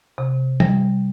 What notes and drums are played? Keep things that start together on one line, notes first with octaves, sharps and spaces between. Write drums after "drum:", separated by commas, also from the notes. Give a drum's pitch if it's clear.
C3
G3, drum: tom